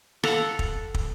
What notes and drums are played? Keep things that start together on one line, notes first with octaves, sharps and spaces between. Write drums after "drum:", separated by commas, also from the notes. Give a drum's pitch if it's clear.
A4 F5 F#5, drum: rim click
drum: kick
drum: kick